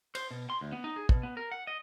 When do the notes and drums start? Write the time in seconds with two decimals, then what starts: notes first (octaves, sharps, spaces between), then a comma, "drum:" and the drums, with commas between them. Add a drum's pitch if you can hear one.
0.15 C5, drum: cymbal
0.31 B2
0.50 C6
0.61 D2
0.72 B3
0.84 D#4
0.96 G#4
1.09 B2, drum: kick
1.23 B3
1.37 A#4
1.52 F#5
1.67 D#5